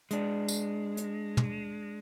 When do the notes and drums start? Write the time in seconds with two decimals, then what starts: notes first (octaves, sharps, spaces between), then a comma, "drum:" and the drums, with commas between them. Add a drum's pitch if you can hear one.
0.11 G#3 D4, drum: hi-hat
0.48 drum: tambourine
0.97 drum: hi-hat
1.37 drum: tom